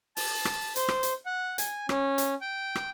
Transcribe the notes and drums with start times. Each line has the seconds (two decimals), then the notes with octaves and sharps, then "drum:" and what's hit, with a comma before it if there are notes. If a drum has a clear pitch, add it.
0.17 A5, drum: open hi-hat
0.45 drum: rim click
0.76 C5, drum: hi-hat
0.88 drum: rim click
1.03 drum: hi-hat
1.26 F#5
1.58 G#5, drum: hi-hat
1.89 C#4, drum: rim click
2.18 drum: hi-hat
2.41 G5
2.75 drum: rim click